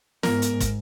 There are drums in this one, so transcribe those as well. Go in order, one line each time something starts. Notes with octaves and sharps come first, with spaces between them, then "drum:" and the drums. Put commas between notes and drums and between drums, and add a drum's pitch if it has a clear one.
G#2 B3 A#4, drum: snare
drum: hi-hat
drum: kick, hi-hat